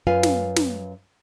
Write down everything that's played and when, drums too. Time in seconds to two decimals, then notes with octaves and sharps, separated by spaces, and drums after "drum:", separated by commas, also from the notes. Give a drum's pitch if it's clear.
0.07 F#2 F4 B4 F5 G#5
0.23 drum: snare
0.56 drum: snare